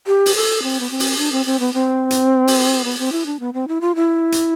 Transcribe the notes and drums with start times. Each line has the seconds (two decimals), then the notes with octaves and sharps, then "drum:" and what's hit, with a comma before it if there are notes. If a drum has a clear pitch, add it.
0.07 G4
0.26 drum: open hi-hat
0.35 A4
0.63 C4
0.80 B3
0.90 C4
1.00 drum: open hi-hat
1.18 D4
1.32 C4
1.46 C4
1.60 B3
1.74 C4
2.10 drum: hi-hat
2.47 drum: open hi-hat
2.85 B3
2.99 C4
3.12 E4
3.26 D4
3.40 B3
3.53 C4
3.68 E4
3.81 F4
3.95 E4
4.32 drum: hi-hat